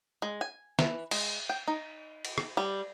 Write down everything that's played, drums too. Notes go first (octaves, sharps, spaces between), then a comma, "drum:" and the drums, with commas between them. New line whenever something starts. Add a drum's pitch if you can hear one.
G#3
G#5
E3, drum: snare
G#3, drum: cymbal
G5
D#4
drum: cymbal
drum: rim click
G3